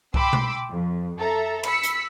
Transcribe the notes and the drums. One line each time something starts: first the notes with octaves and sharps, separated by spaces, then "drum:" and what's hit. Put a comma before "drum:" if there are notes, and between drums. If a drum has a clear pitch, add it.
G5 B5 C6 D6 E6, drum: kick C2
drum: tom B2
F2
A4 E5 A#5
B5 E6 B6 C#7, drum: cymbal
drum: hi-hat